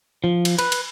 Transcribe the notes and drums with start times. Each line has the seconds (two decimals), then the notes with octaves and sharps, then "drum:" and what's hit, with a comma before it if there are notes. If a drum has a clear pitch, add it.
0.24 F3
0.45 drum: cymbal
0.59 B4, drum: cymbal
0.72 drum: cymbal